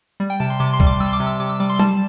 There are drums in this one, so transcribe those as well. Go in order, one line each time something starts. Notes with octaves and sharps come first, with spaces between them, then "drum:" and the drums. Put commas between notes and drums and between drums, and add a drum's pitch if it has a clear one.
G3
G5
C3 A5
C6
C3 D6
C6
G3, drum: kick
D6
G3 E6
C6
D6
C3
E6
C3 D6
E6
G3 D6
C6
G3 A5, drum: tom F#3